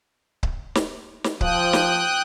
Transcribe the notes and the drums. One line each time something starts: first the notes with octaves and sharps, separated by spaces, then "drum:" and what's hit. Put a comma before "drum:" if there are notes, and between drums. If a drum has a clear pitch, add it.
drum: kick C#1
drum: snare
drum: snare
F3 G5 D#6 F#6, drum: kick C#1
drum: snare